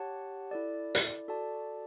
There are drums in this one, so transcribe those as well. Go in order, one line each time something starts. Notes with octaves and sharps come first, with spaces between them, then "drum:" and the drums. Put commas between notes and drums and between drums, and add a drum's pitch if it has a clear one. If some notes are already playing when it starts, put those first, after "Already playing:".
Already playing: G4 C#5 F#5 A5
E4 A4 D5
drum: hi-hat
F#4 A4 D5 A5